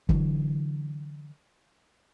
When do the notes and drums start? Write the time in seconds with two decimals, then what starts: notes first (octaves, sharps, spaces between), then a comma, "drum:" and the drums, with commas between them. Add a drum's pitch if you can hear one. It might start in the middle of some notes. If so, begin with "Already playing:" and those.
0.09 D3 E3 F#3, drum: kick